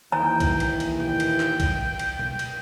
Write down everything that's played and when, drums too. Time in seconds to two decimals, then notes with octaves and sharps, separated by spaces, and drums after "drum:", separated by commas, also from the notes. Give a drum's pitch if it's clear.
0.12 D#2 E3 G5 A#5
0.40 drum: kick B1, cymbal
0.60 drum: cymbal
0.80 drum: cymbal
1.00 G5, drum: tom A#2
1.20 drum: cymbal
1.40 drum: clap
1.60 drum: kick B1, cymbal
1.99 drum: cymbal
2.19 drum: tom B2
2.39 drum: cymbal